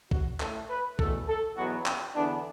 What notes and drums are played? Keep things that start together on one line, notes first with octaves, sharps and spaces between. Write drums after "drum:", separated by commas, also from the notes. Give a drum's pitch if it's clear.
F#4, drum: kick
A2 A3 A4, drum: clap
B4
E2 B2 A3 A4, drum: kick
A4
E2 B2 F#3 B3 F#4
drum: clap
E2 D3 B3 D4